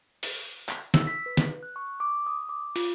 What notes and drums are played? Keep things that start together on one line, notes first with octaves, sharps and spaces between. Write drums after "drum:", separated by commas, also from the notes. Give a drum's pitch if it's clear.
drum: open hi-hat
drum: clap
E6, drum: snare
B6
B4
drum: snare
F#6
C#6
D6
D#6
D6
F4, drum: open hi-hat